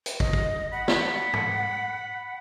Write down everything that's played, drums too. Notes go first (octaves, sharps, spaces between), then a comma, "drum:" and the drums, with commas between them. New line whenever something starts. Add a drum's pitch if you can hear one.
drum: hi-hat
D#5, drum: kick
drum: kick
F#5 B5
drum: snare
drum: tom